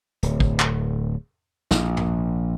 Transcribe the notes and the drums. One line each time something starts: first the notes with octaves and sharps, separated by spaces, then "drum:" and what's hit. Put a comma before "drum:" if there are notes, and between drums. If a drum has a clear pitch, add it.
D1, drum: hi-hat
drum: kick
drum: clap
A#1, drum: snare
drum: tom